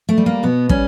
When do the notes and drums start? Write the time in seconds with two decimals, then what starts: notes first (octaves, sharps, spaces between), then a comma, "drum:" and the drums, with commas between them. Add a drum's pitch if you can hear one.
0.09 A3
0.17 G3
0.26 A#3
0.43 B2 B3
0.69 G3 C#4, drum: kick